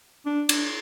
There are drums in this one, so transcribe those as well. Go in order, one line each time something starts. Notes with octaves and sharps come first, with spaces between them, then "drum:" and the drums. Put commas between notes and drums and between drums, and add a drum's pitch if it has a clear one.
D4
D4, drum: cymbal